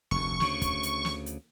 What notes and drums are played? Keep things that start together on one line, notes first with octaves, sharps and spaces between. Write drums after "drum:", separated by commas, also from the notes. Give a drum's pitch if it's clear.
F1 D2 C#6
D2 C#3, drum: snare
drum: kick, hi-hat
drum: hi-hat
drum: snare
drum: hi-hat